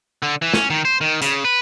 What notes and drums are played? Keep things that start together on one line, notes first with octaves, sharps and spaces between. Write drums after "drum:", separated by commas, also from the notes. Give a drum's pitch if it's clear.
D3
E3
C#4, drum: snare
D#3
C5
D#3
C#3, drum: hi-hat
B4